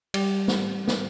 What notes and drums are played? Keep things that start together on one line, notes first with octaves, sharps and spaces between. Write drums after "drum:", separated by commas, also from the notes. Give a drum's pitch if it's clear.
G3, drum: cymbal
drum: snare
drum: snare